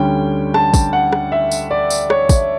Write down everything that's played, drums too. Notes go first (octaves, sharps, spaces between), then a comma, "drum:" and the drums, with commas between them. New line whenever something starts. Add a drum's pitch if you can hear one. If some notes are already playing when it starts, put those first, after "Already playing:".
Already playing: D2 D3 G3 C#4 G5
A5, drum: rim click
drum: kick, tambourine
F#5
drum: rim click
E5
drum: tambourine
D5
drum: tambourine
C#5, drum: rim click
drum: kick, tambourine